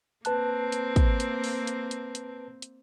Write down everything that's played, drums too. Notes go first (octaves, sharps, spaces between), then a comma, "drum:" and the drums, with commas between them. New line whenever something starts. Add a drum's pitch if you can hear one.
A#3 C4 B4 A5 F#6, drum: hi-hat
drum: hi-hat
drum: kick, hi-hat
drum: hi-hat
drum: open hi-hat
drum: hi-hat
drum: hi-hat
drum: hi-hat
drum: hi-hat